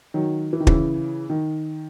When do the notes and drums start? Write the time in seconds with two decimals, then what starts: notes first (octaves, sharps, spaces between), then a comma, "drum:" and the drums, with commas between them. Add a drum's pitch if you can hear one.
0.14 D#3 F#3
0.53 E3
0.60 D#3
0.67 C#3 E3, drum: kick
1.30 D#3